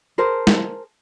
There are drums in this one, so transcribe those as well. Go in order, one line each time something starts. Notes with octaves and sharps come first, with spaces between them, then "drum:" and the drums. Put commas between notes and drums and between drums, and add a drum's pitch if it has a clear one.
G#4 A#4 C5 A5
drum: snare